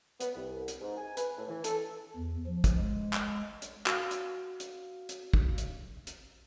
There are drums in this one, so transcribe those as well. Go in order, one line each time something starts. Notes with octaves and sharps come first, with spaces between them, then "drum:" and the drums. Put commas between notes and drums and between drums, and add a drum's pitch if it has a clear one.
B3, drum: hi-hat
C2
drum: hi-hat
G#2
G#5
B4, drum: hi-hat
A2
E3
A4, drum: hi-hat
E2
F3
drum: kick, hi-hat
G#3
drum: clap
drum: hi-hat
F#4 F5, drum: clap
drum: hi-hat
drum: hi-hat
drum: hi-hat
drum: kick
drum: hi-hat
drum: hi-hat